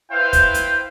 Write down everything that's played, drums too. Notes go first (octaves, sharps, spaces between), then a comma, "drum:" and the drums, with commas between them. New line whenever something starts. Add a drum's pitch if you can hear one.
E4 B4 C5 F5 G5
drum: kick, hi-hat
drum: hi-hat